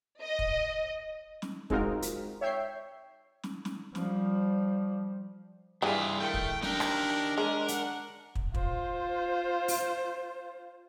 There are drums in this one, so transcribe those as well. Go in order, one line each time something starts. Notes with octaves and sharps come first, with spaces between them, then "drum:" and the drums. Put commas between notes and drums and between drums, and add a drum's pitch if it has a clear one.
D#5
drum: kick
drum: snare
G#3 C4 D#4 F4 F#4 A#4, drum: kick
drum: hi-hat
C#5 E5 G5 G6 C7
drum: snare
drum: snare
F3 G3, drum: snare
G2 E3 G3 D4 E4 F4 G#4
D#3 A3 G5
drum: kick
D4 D#4 G4 A#4, drum: snare
drum: rim click
G#3 C#4 A#4
F#5, drum: hi-hat
drum: kick
F4 C5, drum: kick
drum: open hi-hat